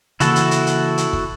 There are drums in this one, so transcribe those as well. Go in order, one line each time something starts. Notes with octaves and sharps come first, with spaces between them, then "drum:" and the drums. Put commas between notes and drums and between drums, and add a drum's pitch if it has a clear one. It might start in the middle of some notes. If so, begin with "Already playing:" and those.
C#3 E3 A#3 E4 F#4 A4, drum: hi-hat
drum: hi-hat
drum: hi-hat
drum: hi-hat
drum: hi-hat
drum: kick